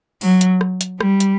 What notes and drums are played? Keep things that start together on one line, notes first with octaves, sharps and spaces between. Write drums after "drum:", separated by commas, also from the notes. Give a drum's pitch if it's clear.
F#3, drum: open hi-hat
drum: hi-hat
drum: rim click
drum: hi-hat
G3, drum: rim click
drum: hi-hat